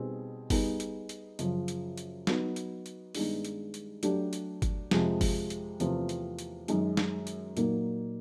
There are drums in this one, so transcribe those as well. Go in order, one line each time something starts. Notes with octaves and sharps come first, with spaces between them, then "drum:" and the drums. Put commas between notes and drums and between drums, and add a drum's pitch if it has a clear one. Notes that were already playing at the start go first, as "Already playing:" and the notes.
Already playing: B2 G3 C4 D#4 G#4
G3 B3 D#4 G#4, drum: kick G1, open hi-hat
drum: hi-hat
drum: hi-hat
F#2 C#3 F3, drum: hi-hat
drum: hi-hat
drum: hi-hat
F#3 B3 D#4 F#4, drum: snare
drum: hi-hat
drum: hi-hat
G2 D#3 G#3 B3 D#4, drum: open hi-hat
drum: hi-hat
drum: hi-hat
F#3 A3 D4 G4, drum: hi-hat
drum: hi-hat
drum: kick G1, hi-hat
F2 C3 F3 G#3, drum: snare
drum: kick G1, open hi-hat
drum: hi-hat
E2 C3 F3 A3 C4, drum: hi-hat
drum: hi-hat
drum: hi-hat
F#2 D#3 G#3, drum: hi-hat
drum: snare
drum: hi-hat
A#2 F#3 A#3 D#4, drum: hi-hat